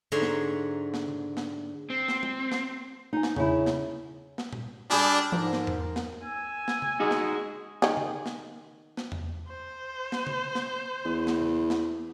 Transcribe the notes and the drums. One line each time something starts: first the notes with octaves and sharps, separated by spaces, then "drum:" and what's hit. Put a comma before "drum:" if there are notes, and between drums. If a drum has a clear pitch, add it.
G#2 D3 C#5 E5 A#5 C6
drum: snare
drum: snare
drum: tom C#3
drum: snare
C4
drum: snare
drum: tom G#3
drum: snare
D#4 G#5
drum: snare
C#3 E4, drum: tom E2
drum: snare
drum: snare
drum: tom A#2
G3 D4 G4 G#4
G#2 F3 A#4 C5 A#5
drum: snare
drum: tom E2
drum: snare
G#5 E6
drum: snare
drum: tom C#3
G#3 D#4 F#4 G#4
drum: snare
D#3 G#4, drum: snare
drum: tom C#3
drum: snare
drum: snare
drum: tom E2
C5
drum: snare
drum: tom C#3
drum: snare
E2
drum: snare
drum: tom C#3
drum: snare